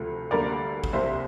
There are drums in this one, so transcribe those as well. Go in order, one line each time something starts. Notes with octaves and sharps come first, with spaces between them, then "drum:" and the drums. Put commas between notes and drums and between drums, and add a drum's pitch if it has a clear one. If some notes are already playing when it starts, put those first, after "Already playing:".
Already playing: D2 C3 F3 A3
D2 D3 G3 A#3 A#4 D5
drum: kick G#1
C2 C3 G3 C5 E5